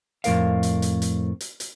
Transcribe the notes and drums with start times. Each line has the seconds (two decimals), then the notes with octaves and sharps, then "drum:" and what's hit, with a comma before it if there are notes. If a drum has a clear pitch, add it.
0.24 F2 A2 A#4 F5, drum: hi-hat
0.63 drum: hi-hat
0.82 drum: hi-hat
1.02 drum: hi-hat
1.40 drum: hi-hat
1.60 drum: hi-hat